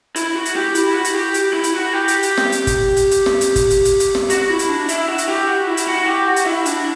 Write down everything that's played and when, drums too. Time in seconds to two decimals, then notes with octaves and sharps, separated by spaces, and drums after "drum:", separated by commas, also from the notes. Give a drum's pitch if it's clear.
0.16 E4, drum: hi-hat
0.35 F#4
0.45 drum: hi-hat
0.56 G4
0.75 E4, drum: hi-hat
0.95 F#4
1.05 drum: hi-hat
1.14 G4
1.34 drum: hi-hat
1.53 E4
1.64 drum: hi-hat
1.73 F#4
1.93 G4
2.08 drum: hi-hat
2.23 drum: hi-hat
2.37 drum: snare
2.52 drum: hi-hat
2.67 drum: kick, hi-hat
2.97 drum: hi-hat
3.11 drum: hi-hat
3.26 drum: snare
3.41 drum: hi-hat
3.56 drum: kick, hi-hat
3.70 drum: hi-hat
3.85 drum: hi-hat
4.00 drum: hi-hat
4.15 drum: snare
4.30 F#4, drum: hi-hat
4.50 E4
4.59 drum: hi-hat
4.69 D4
4.89 E4, drum: hi-hat
5.08 F#4
5.18 drum: hi-hat
5.28 G4
5.48 F#4
5.67 E4
5.77 drum: hi-hat
5.87 F#4
6.07 G4
6.27 F#4
6.36 drum: hi-hat
6.46 E4
6.66 D4, drum: hi-hat